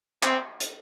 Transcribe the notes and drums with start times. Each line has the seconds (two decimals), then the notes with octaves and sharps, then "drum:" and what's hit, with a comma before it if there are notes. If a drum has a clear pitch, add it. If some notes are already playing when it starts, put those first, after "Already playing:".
0.23 C4, drum: clap
0.60 drum: hi-hat